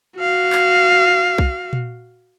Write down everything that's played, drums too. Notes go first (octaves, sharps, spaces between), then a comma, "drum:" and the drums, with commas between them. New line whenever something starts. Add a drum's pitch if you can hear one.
F#4 F5
drum: clap
drum: kick B1
drum: tom A#2